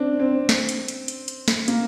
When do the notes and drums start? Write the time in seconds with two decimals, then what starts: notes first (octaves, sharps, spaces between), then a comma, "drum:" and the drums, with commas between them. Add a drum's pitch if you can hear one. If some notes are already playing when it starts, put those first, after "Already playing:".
Already playing: C4 D4
0.19 C4
0.49 drum: snare
0.69 drum: hi-hat
0.88 drum: hi-hat
1.08 drum: hi-hat
1.28 drum: hi-hat
1.48 drum: snare
1.68 A#3, drum: hi-hat